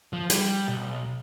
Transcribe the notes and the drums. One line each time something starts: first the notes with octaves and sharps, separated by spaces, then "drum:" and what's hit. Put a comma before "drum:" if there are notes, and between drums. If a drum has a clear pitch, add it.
F3
G3, drum: hi-hat
B1